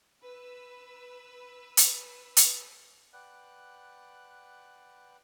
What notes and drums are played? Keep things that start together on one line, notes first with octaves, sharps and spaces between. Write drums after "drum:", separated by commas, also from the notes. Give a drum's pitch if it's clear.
B4 E6
drum: hi-hat
drum: hi-hat
B4 D5 F#5 G5 F#6